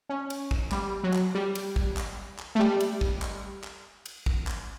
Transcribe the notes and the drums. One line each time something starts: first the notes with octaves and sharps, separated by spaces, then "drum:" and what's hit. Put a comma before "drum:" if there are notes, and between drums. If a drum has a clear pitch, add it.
C#4
drum: cymbal
drum: kick
G3, drum: clap
F#3
drum: clap
G3
drum: cymbal
drum: kick
drum: clap
drum: clap
A3
G3
drum: cymbal
drum: kick
drum: clap
drum: clap
drum: cymbal
drum: kick
drum: clap